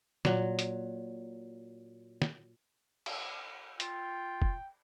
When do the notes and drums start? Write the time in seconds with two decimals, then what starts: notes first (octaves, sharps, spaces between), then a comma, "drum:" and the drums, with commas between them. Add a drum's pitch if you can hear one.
0.25 A#2 F#3, drum: snare
0.59 drum: hi-hat
2.22 drum: snare
3.06 drum: cymbal
3.80 F4 G5, drum: hi-hat
4.42 drum: kick F1